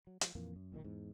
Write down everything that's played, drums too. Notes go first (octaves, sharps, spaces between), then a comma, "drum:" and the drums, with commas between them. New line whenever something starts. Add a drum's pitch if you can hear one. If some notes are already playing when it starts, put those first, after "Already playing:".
F#3
F3, drum: hi-hat
F2 A#2 E3 A#3
F#2
B1 A#2 D3 D#3
E2 G#2